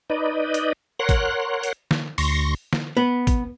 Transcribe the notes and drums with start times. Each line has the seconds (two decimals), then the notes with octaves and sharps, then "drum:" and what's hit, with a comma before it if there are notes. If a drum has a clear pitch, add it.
0.10 D#4 B4 D5 D#5
0.54 drum: hi-hat
1.00 A#4 C#5 F#5 C6 F#6
1.09 drum: kick, hi-hat
1.63 drum: hi-hat
1.91 drum: snare
2.18 D2 C6 C#6 A#6, drum: open hi-hat
2.73 drum: snare
2.97 B3
3.27 drum: kick, hi-hat